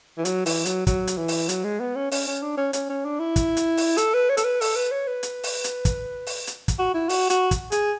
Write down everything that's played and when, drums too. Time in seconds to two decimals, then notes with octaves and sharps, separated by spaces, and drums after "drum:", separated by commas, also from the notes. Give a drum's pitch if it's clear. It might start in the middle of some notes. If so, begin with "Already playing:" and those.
0.18 E3
0.25 F#3, drum: hi-hat
0.46 E3, drum: open hi-hat
0.66 F#3, drum: hi-hat
0.87 F#3, drum: kick, hi-hat
1.07 drum: hi-hat
1.18 E3
1.28 drum: open hi-hat
1.49 F#3, drum: hi-hat
1.64 G#3
1.80 B3
1.96 C#4
2.12 C#4, drum: open hi-hat
2.27 C#4
2.43 D4
2.58 C#4
2.73 C#4, drum: hi-hat
2.90 C#4
3.05 D4
3.20 E4
3.36 drum: kick, hi-hat
3.57 drum: hi-hat
3.77 drum: open hi-hat
3.98 A4, drum: hi-hat
4.14 B4
4.30 C#5
4.37 A4, drum: hi-hat
4.45 B4
4.61 A4, drum: open hi-hat
4.76 B4
4.92 C#5
5.07 B4
5.23 drum: hi-hat
5.43 drum: open hi-hat
5.64 drum: hi-hat
5.85 drum: kick, hi-hat
6.27 drum: open hi-hat
6.47 drum: hi-hat
6.68 drum: kick, hi-hat
6.79 F#4
6.94 E4
7.09 F#4, drum: open hi-hat
7.30 F#4, drum: hi-hat
7.51 drum: kick, hi-hat
7.72 G#4, drum: hi-hat